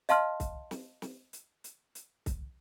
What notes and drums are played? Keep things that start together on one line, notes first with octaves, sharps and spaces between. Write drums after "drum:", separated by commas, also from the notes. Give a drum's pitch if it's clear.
D#5 F5 A5 C6 F6, drum: hi-hat
drum: kick C2, hi-hat
drum: snare
drum: snare
drum: hi-hat
drum: hi-hat
drum: hi-hat
drum: kick C2, hi-hat